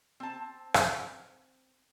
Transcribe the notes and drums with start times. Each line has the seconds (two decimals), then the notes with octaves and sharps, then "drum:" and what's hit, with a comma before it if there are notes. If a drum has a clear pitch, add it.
0.20 C4 A5
0.74 drum: rim click